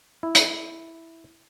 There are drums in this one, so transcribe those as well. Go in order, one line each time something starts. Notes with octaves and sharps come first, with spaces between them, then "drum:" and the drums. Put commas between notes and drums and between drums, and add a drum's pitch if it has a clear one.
E4
drum: hi-hat